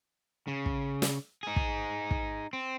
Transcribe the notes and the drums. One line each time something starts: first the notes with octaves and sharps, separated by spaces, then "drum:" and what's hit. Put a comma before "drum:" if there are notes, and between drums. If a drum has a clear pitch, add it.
C#3
drum: kick
drum: snare
D#4 G#4
drum: kick
drum: kick
C4